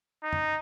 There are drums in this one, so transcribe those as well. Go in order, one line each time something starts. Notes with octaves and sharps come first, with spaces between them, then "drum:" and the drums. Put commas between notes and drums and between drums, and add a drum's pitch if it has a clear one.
D#4
drum: tom F2